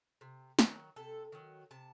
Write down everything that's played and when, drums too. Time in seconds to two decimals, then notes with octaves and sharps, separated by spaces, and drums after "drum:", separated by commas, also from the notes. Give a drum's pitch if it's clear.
0.21 C3
0.59 D#3 F#3, drum: snare
0.96 C3 A4
1.32 D#3 F#3
1.71 C3 A5